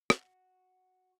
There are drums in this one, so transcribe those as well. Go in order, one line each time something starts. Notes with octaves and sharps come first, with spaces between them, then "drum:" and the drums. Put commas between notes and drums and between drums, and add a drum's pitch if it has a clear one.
F#4, drum: rim click